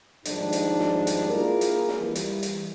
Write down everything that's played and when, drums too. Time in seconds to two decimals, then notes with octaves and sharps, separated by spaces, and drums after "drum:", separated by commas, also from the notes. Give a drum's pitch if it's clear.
0.25 D#2 G#2 F3 G3 D4 D#4, drum: hi-hat
0.53 drum: hi-hat
0.80 drum: snare
1.07 drum: hi-hat
1.29 A#3 E4 F4 G#4 A#4
1.61 drum: hi-hat
1.88 drum: snare
2.00 E3 G3
2.15 drum: hi-hat
2.43 drum: hi-hat